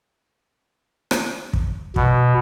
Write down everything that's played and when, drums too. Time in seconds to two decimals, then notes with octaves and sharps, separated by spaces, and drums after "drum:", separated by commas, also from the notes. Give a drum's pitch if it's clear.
1.11 drum: rim click
1.53 drum: kick
1.96 B2, drum: kick